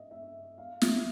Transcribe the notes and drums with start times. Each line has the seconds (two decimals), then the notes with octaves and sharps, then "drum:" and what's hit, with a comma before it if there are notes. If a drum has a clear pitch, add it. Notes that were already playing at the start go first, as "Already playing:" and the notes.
Already playing: D#5 E5
0.11 E5
0.58 F5
0.82 E5, drum: snare